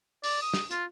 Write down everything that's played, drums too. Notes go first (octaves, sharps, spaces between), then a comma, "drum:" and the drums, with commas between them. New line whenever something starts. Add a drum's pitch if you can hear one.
D5, drum: open hi-hat
D#6
drum: snare
F4, drum: hi-hat